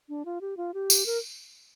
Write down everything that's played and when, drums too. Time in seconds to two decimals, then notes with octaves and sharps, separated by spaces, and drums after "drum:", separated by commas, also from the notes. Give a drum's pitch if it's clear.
0.09 D4
0.25 F4
0.41 G4
0.57 F4
0.74 G4
0.90 drum: tambourine
1.06 A#4